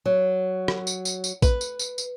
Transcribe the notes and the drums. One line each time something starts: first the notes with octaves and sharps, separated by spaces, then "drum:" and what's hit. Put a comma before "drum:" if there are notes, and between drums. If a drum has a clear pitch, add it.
F#3
drum: rim click
drum: tambourine
drum: tambourine
drum: tambourine
B4, drum: kick A#1, tambourine
drum: tambourine
drum: tambourine
drum: tambourine